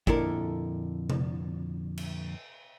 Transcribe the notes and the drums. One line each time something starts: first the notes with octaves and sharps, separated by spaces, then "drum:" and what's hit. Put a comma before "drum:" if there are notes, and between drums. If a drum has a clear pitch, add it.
F2 A#2 D3 E4 A4 A#4, drum: kick
drum: tom C3
drum: cymbal